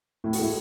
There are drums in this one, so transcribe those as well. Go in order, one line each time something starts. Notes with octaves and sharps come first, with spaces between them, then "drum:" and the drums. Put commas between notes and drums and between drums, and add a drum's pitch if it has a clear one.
A2 E4
F#4, drum: open hi-hat
G#3 E4